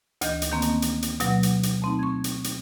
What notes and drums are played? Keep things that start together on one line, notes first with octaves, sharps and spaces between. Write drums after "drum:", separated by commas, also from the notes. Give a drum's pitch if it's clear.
D2 E3 D#5 G6, drum: hi-hat
drum: hi-hat
D#3 A3 A#3 C4 C#4
drum: hi-hat
drum: hi-hat
drum: hi-hat
B2 F#3 F#5, drum: hi-hat
drum: hi-hat
drum: hi-hat
A3 C4 D#4
C#6 G#6
drum: hi-hat
drum: hi-hat